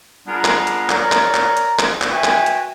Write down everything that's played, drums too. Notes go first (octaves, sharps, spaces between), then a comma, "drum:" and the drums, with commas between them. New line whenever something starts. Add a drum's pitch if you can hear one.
G3 B3 D4 F4 G#4 A#4
drum: clap
drum: hi-hat
A#4 C#5 D5 A#5, drum: clap
drum: clap
drum: clap
drum: hi-hat
drum: clap
drum: clap
F#4 B4 E5 G5 G#5
drum: clap
drum: hi-hat